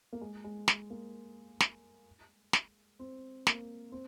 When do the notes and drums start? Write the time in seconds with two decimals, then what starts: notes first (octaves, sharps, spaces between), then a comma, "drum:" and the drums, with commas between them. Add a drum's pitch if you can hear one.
0.13 A#3
0.21 G#3
0.44 G#3
0.68 drum: snare
0.90 A#3
1.60 drum: snare
2.53 drum: snare
2.99 C4
3.47 A#3, drum: snare
3.92 C4